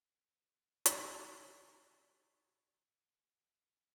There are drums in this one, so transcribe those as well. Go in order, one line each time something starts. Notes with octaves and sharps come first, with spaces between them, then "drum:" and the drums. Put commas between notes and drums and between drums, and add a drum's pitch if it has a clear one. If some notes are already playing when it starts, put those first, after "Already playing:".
G#5
F#5
drum: hi-hat
G#5
A5
G#5
F#5
E5